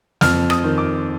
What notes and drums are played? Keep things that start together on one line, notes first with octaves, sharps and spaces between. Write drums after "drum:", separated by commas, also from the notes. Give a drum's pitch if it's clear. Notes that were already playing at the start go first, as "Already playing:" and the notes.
F2 F6, drum: snare
D#6, drum: rim click
D#3
D6